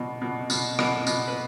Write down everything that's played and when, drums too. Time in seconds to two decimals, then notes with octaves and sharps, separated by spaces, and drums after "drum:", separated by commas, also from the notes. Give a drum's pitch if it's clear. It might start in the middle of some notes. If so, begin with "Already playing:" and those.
Already playing: B2
0.21 B2
0.50 B2, drum: tambourine
0.79 B2, drum: rim click
1.07 B2, drum: tambourine
1.28 B4